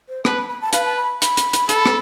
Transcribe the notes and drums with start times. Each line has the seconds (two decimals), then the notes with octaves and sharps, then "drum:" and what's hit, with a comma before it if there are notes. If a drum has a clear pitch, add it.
0.09 C5
0.25 B4 A5, drum: rim click
0.37 B5
0.49 B5
0.62 A5
0.73 B4 F5, drum: hi-hat
0.85 A5
0.97 B5
1.22 B5, drum: hi-hat
1.37 drum: hi-hat
1.53 drum: hi-hat
1.69 A4, drum: hi-hat
1.86 drum: rim click